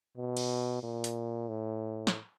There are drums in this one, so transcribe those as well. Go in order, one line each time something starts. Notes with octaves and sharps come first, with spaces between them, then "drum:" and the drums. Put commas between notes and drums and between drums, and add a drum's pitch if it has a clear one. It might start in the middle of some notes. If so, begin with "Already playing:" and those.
B2
drum: cymbal
A#2
drum: hi-hat
A2
drum: snare